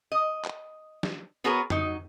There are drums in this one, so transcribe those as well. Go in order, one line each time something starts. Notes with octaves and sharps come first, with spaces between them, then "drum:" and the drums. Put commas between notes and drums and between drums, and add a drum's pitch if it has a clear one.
D#5
drum: clap
drum: snare
B3 F#4 G#4 A#4 B4 C#5
F#3 D#4, drum: tom